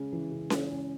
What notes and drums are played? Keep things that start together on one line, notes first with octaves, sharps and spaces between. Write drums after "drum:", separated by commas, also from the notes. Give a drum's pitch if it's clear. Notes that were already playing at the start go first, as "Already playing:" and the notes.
Already playing: C#3 G#3 C#4
E3
C#3
G#3, drum: snare C#4
C#4